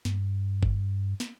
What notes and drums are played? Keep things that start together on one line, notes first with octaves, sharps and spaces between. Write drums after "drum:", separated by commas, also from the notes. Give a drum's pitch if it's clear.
G2, drum: snare
drum: kick G1
drum: snare